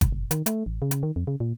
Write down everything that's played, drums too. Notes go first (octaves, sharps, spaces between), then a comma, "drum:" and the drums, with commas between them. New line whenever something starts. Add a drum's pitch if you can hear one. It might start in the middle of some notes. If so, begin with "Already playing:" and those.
drum: kick G1, hi-hat
F#1
D#3, drum: hi-hat
A3, drum: hi-hat
A1
C#3
drum: hi-hat
D#3
F2
C#3
A#2